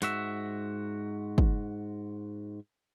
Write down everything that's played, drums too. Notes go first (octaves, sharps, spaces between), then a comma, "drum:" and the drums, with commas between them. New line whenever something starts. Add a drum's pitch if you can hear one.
G#2 F#4 E5, drum: hi-hat
drum: kick